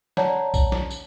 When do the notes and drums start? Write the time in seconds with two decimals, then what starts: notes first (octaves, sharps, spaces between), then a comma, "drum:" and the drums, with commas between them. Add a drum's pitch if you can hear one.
0.17 C#5 D5 F#5 A5 A#5, drum: snare
0.54 drum: kick B1, tambourine
0.72 drum: snare
0.91 drum: tambourine